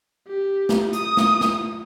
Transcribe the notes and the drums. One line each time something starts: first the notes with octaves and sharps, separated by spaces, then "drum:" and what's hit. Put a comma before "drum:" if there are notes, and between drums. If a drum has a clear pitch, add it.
G4
drum: snare
D#6, drum: hi-hat
drum: snare
drum: snare